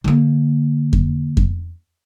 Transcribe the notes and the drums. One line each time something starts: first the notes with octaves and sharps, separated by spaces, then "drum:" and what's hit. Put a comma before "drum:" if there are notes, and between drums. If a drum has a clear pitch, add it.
D3 A#3
drum: kick F2
drum: kick F2